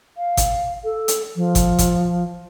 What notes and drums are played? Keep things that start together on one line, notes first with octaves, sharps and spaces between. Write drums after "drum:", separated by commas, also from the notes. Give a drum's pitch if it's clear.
F5
drum: kick G1, hi-hat
A4
drum: hi-hat
F3
drum: kick G1, hi-hat
drum: kick G1, hi-hat